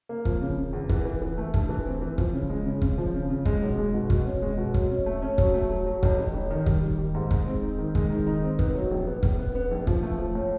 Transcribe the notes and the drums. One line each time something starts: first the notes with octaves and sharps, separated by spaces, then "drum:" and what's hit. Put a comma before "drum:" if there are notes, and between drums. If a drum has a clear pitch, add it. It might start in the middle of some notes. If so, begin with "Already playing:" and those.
A#3
F3, drum: kick
C#3
C#3
E2
E3, drum: kick
E3
E3
A3
G2, drum: kick
E3
C4
E3
F3, drum: kick
C#3
G#3
C#3
C#3, drum: kick
F3
C#3
C#3
G#3, drum: kick
B1
G#3
B2
B2, drum: kick
C#4
G#3
B2
F#3, drum: kick
C#4
A3
C#4
F#3, drum: kick
A3
F#3
F#3
A1, drum: kick
A1
A1
D#3
G3, drum: kick
G3
D#3
G#2
G#3, drum: kick
C4
D#4
D#3
G#3, drum: kick
D#3
D#4
C4
B3, drum: kick
F#3
A#1
B3
A#1, drum: kick
B3
B3
A#1
F3, drum: kick
A3
F3
A2